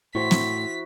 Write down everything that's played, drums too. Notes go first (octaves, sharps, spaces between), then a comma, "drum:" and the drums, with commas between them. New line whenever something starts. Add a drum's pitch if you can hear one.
A2 E4 F#4 C5 B6
drum: snare